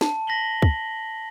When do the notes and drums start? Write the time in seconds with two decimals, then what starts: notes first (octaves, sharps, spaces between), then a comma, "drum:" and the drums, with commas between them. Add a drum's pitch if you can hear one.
0.01 A5, drum: snare
0.27 A#6 B6 F#7 G7
0.62 drum: kick